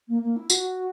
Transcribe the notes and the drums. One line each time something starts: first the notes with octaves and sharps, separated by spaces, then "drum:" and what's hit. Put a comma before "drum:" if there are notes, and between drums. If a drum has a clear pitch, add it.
A#3
A#3
E4
F#4, drum: tambourine